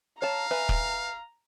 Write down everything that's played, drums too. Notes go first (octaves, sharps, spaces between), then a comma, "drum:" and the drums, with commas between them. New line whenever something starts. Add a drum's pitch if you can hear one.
C#5 F5 A5 A#5
B4 E5 G#5
drum: kick